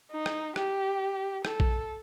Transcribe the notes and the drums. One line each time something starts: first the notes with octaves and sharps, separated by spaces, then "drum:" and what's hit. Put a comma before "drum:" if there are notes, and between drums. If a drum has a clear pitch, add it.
D#4
drum: rim click
G4, drum: rim click
A4, drum: rim click
drum: kick A#1